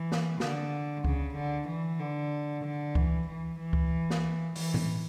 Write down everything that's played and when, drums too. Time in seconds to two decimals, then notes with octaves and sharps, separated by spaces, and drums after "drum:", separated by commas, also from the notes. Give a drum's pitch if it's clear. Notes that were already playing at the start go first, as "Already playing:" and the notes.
Already playing: E3
0.12 drum: snare
0.40 D3, drum: snare
1.04 C#3, drum: kick C#2
1.36 D3
1.68 E3
2.00 D3
2.64 D3
2.95 E3, drum: kick C#2
3.27 E3
3.60 E3
3.73 drum: kick C#2
4.10 drum: snare
4.56 E3, drum: open hi-hat
4.74 drum: tom A2